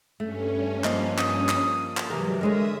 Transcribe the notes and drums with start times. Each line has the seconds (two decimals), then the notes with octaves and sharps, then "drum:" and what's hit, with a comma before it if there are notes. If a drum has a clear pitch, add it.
0.20 G2 A3 C#4
0.84 F3 A#3 D#5, drum: clap
1.18 D#6, drum: clap
1.49 drum: clap
1.97 drum: clap
2.10 G#2 C3 E3 F#3 G3 A#4
2.41 D3 G#3 G#4 A#4 C#5 D#5 E5 D#6